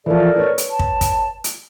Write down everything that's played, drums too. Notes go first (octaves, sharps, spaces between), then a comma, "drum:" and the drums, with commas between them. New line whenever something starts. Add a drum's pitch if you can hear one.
E3 F3 A4 A#4 D5
B4 C#5
drum: hi-hat
A5
drum: kick
drum: kick, hi-hat
drum: hi-hat